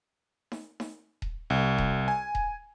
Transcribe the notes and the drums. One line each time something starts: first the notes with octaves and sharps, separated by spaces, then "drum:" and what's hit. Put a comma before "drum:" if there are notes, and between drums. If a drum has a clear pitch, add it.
drum: snare D#4
drum: snare D#4
drum: kick D#1
C2
drum: kick D#1
G#5
drum: kick D#1